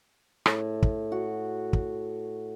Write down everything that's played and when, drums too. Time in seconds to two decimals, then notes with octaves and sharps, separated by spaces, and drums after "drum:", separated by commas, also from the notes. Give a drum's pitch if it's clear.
0.46 A2, drum: rim click
0.83 drum: kick
1.12 F#4
1.73 drum: kick